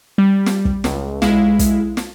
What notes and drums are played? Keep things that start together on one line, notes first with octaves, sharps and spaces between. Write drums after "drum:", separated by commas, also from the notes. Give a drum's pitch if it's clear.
G3
drum: snare
drum: kick
C#2, drum: snare
B1 G#3 E4 F5, drum: snare
drum: kick, hi-hat
drum: snare